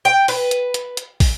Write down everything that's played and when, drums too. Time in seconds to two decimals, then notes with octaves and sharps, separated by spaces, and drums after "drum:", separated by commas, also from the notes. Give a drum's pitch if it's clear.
0.05 G5
0.28 B4, drum: open hi-hat
0.51 drum: hi-hat
0.74 drum: hi-hat
0.97 drum: hi-hat
1.20 drum: kick, open hi-hat